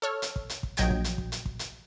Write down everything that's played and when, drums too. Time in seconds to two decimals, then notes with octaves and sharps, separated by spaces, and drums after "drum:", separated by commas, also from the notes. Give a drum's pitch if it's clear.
0.02 A4 C#5 F6
0.22 drum: hi-hat
0.36 drum: kick
0.49 drum: hi-hat
0.63 drum: kick
0.77 A#1 F#3 D#5 G5 G#6 D7, drum: hi-hat
0.91 drum: kick
1.04 drum: hi-hat
1.18 drum: kick
1.32 drum: hi-hat
1.46 drum: kick
1.59 drum: hi-hat